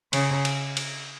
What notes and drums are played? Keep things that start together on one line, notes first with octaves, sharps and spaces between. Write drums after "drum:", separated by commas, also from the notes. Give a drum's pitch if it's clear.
C#3, drum: cymbal
drum: cymbal
drum: cymbal